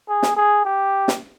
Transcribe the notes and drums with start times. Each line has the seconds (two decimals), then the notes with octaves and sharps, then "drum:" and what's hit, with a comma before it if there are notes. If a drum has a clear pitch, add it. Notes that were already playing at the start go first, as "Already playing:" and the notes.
0.09 G#4
0.23 drum: snare
0.37 G#4
0.65 G4
1.08 drum: snare